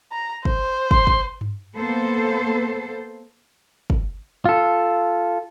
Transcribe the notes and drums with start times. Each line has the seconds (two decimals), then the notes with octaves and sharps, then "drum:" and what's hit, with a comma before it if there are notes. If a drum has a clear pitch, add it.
0.12 A#5
0.45 C5, drum: kick
0.91 C6, drum: kick
1.07 drum: kick
1.41 drum: tom G2
1.75 A#3 B3 A4 C5
3.90 drum: kick
4.45 F4 A4